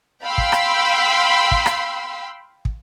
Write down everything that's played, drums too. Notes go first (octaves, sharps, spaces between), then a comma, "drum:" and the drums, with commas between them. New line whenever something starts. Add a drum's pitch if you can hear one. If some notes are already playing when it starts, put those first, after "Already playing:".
F5 G5 B5 C6 E6
drum: kick
drum: rim click
drum: kick
drum: rim click
drum: kick